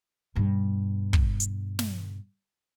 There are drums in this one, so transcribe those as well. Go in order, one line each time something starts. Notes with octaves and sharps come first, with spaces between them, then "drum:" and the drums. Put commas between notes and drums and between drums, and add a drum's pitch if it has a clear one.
G2 B2
drum: kick
drum: hi-hat
drum: snare